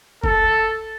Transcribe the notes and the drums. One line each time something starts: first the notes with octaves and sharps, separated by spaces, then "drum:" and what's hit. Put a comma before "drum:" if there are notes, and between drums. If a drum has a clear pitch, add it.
A4, drum: kick F#1